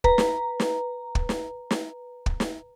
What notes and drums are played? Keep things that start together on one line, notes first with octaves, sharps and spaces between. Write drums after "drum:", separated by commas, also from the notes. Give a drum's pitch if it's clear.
B4 A#5, drum: kick
drum: snare
drum: snare
drum: kick
drum: snare
drum: snare
drum: kick
drum: snare